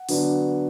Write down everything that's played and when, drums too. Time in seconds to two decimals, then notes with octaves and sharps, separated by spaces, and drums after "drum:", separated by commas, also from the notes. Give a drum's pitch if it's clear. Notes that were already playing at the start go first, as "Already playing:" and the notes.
Already playing: F#5
0.09 D3 F#3 B3 D4, drum: open hi-hat